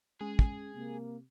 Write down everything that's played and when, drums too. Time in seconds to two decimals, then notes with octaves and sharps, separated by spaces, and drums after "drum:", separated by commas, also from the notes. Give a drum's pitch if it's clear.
0.21 G#3 C#4 G#4
0.39 drum: kick
0.74 C3 A#3